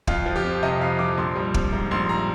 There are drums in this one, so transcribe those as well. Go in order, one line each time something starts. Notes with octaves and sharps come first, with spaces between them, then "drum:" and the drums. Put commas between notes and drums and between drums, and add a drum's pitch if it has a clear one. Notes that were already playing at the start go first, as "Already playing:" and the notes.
F2 F4, drum: kick
F3
G4
C4
C3 D#5
F2 F5
F3 D6
A#1 C6
G3
C4, drum: kick
G#2
A#1 C6
G3 A#5